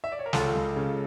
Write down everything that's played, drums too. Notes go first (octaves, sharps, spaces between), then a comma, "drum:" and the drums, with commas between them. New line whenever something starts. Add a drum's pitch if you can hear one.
E5
D5
C#5
A#4
C#2 F4 A4, drum: snare
C#2
C#3